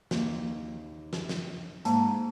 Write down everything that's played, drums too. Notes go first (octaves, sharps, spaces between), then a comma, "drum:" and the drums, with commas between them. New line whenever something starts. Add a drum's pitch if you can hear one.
D#2, drum: snare
drum: snare
drum: snare
G#2 A#3 A5, drum: hi-hat